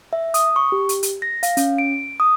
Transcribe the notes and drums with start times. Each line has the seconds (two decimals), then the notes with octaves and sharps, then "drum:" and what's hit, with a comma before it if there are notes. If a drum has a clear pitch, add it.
0.13 E5
0.34 D#6, drum: hi-hat
0.56 C#6
0.72 G4
0.89 drum: hi-hat
1.03 drum: hi-hat
1.22 A#6
1.43 F5, drum: hi-hat
1.57 C#4, drum: hi-hat
1.78 D7
2.20 D#6